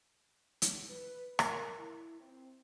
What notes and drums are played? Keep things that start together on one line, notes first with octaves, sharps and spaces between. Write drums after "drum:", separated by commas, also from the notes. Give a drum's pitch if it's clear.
drum: hi-hat
B4
A#4, drum: rim click
E4
C4